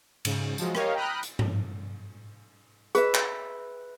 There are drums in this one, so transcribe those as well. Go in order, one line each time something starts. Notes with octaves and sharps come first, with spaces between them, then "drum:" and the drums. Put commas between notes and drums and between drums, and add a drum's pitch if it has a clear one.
G#2 C#3, drum: cymbal
F3 F#3 G#3, drum: tambourine
G4 A#4 C#5 D#5 F5, drum: rim click
G5 A#5 B5 D#6 F6 F#6
drum: hi-hat
drum: tom G2
G#4 B4 E5, drum: hi-hat
drum: clap